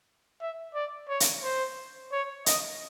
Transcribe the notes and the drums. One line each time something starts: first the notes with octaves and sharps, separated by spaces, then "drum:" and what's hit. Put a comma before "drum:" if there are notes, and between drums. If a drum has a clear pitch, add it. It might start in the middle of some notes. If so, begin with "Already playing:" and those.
E5
D5
C#5
drum: hi-hat
C5
C#5
D#5, drum: hi-hat